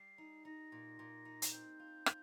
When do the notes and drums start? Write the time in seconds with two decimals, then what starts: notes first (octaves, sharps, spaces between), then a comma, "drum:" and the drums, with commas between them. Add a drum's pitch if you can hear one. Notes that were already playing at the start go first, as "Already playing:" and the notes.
Already playing: G3 C7
0.18 D#4
0.45 D#4 A#6
0.72 A#2
0.99 A#2
1.25 D#4
1.42 drum: hi-hat
1.52 C4 G6
1.79 F4
2.06 F4, drum: rim click